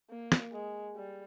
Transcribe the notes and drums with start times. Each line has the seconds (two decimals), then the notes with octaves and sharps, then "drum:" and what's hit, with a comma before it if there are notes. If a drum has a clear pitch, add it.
0.10 A#3
0.32 drum: snare
0.53 G#3
0.96 G3